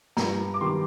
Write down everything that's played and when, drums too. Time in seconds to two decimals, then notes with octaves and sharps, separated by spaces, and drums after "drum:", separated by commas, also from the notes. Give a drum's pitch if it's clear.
0.17 G2 A#5, drum: snare
0.54 D6
0.61 D#3 G3 C6